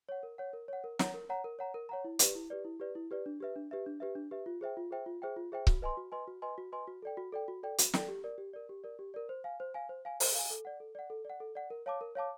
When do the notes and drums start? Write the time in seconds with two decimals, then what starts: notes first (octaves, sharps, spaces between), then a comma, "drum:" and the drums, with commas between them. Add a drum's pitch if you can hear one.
0.09 C#5 F#5
0.23 A#4
0.38 C#5 F#5
0.53 A#4
0.68 C#5 F#5
0.84 A#4
0.99 C#5 F#5 A#5, drum: snare
1.14 A#4
1.29 C#5 F#5 A#5
1.44 A#4
1.59 C#5 F#5 A#5
1.74 A#4
1.89 C#5 F#5 A#5
2.04 E4
2.19 G4 B4 D5, drum: hi-hat
2.35 E4
2.50 G4 B4 D5
2.64 E4
2.80 G4 B4 D5
2.95 E4
3.11 G4 B4 D5
3.26 D4
3.40 G4 B4 E5
3.56 D4
3.71 G4 B4 E5
3.86 D4
4.00 G4 B4 E5
4.15 D4
4.31 G4 B4 E5
4.46 F4
4.61 G#4 C5 E5 G5
4.77 F4
4.91 G#4 C5 E5 G5
5.06 F4
5.22 G#4 C5 E5 G5
5.37 F4
5.52 G#4 C5 E5 G5
5.67 F#4, drum: kick C#1
5.82 B4 D#5 G#5 C6
5.97 F#4
6.12 B4 D#5 G#5 C6
6.28 F#4
6.42 B4 D#5 G#5 C6
6.58 F#4
6.72 B4 D#5 G#5 C6
6.87 F#4
7.02 A4 D5 G5
7.17 F#4
7.32 A4 D5 G5
7.48 F#4
7.63 A4 D5 G5
7.78 F#4, drum: hi-hat
7.93 A4 D5 G5, drum: snare
8.09 G4
8.24 A#4 D5
8.38 G4
8.53 A#4 D5
8.69 G4
8.84 A#4 D5
8.99 G4
9.14 A#4 D5
9.29 C5
9.44 F5 G#5
9.60 C5
9.74 F5 G#5
9.89 C5
10.05 F5 G#5
10.20 C5, drum: open hi-hat
10.34 F5 G#5
10.50 A4
10.65 D5 F#5
10.80 A4
10.95 D5 F#5
11.10 A4
11.25 D5 F#5
11.40 A4
11.55 D5 F#5
11.70 A#4
11.86 C#5 F5 A5 D6
12.01 A#4
12.15 C#5 F5 A5 D6